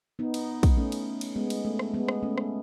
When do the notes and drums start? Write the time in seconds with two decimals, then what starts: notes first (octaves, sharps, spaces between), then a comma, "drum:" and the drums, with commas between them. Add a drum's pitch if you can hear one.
0.19 B3 D#4
0.34 drum: cymbal
0.63 drum: kick, cymbal
0.77 A3 C#4
0.92 drum: cymbal
1.21 drum: cymbal
1.35 G#3 B3
1.50 drum: cymbal
1.65 A3
1.79 drum: rim click
1.94 G#3 B3
2.08 drum: rim click
2.23 A3 C#4
2.38 drum: rim click